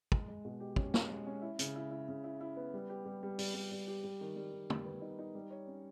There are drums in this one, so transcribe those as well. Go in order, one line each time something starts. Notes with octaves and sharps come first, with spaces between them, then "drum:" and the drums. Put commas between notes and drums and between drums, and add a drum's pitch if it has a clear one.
G#3, drum: kick
G#3
B2
G4
C#4, drum: kick
G#3, drum: snare
G#3
C#4
E4
C#3, drum: hi-hat
E4
E4
C#3
E4
E4
B3
G3
G4
G3
G3
G3, drum: open hi-hat
G3
G3
G4
G3
D#3
G3
D#3
G3, drum: tom
B3
D#4
D#4
G3
C#5
C#4